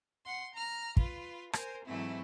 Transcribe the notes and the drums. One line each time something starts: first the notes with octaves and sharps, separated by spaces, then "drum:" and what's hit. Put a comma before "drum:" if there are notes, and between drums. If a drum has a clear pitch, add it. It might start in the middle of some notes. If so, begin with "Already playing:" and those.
F#5 C6
A#5 F6
F4 B4, drum: kick
A#4 C5 G#5, drum: rim click
G#2 E3 F#3 A3 C4 E4